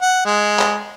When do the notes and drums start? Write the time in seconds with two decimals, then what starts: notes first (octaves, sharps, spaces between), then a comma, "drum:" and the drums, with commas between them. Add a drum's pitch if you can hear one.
0.01 F#5
0.25 G#3
0.59 drum: clap